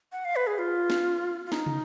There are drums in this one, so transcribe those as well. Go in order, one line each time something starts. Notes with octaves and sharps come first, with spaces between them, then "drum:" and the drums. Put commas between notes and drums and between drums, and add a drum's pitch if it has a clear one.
F#5
F5
B4
G#4
F4
drum: snare
F4
D#4, drum: snare
drum: tom